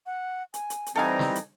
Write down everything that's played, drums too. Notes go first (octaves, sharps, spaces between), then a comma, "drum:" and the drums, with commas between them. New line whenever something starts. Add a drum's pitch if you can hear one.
F#5
G#5, drum: hi-hat
drum: hi-hat
drum: hi-hat
E3 G3 C4 D#4 A4 F5 G#5 A#5
drum: snare
drum: hi-hat